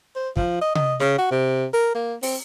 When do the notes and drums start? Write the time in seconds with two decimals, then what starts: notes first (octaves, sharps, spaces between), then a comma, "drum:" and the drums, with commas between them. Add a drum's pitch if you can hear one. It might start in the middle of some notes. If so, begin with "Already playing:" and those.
0.16 C5
0.37 F3, drum: kick
0.61 D#5
0.75 D#5, drum: tom C3
1.00 C#3, drum: snare
1.18 F#4
1.31 C3
1.74 A#4
1.95 A#3
2.23 C4, drum: open hi-hat